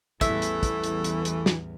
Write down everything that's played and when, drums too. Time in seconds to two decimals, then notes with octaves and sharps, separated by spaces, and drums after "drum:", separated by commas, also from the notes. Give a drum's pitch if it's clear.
0.21 A1 E2 E3 G3 A3 E5, drum: kick, hi-hat
0.42 drum: hi-hat
0.63 drum: kick, hi-hat
0.84 drum: hi-hat
1.04 drum: hi-hat
1.25 drum: hi-hat
1.46 drum: snare